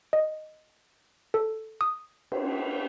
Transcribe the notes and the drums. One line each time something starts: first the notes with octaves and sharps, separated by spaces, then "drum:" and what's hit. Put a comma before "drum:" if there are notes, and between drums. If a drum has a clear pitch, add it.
D#5
A4
D#6
drum: cymbal